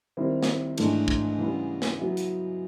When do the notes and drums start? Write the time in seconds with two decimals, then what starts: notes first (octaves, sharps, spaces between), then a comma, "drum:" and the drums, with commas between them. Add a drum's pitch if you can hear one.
0.17 D#3 G3 C4 E4
0.43 drum: snare
0.78 G#2 E3 A3 D4, drum: cymbal
1.08 drum: kick
1.38 C#3 E3 G3 B3
1.82 drum: snare
1.99 F#3 B3 E4
2.17 drum: hi-hat